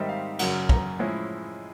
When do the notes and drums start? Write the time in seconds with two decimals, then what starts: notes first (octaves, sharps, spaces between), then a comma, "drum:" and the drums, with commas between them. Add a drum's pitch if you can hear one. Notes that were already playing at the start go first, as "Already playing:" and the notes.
Already playing: G#2 D#3 G3 C4 D#4 E5
0.09 F5
0.39 F#2 C#3 F#3 A#3 F#5, drum: cymbal
0.69 A#5, drum: kick
0.99 A2 F3 G#3 C#4 E4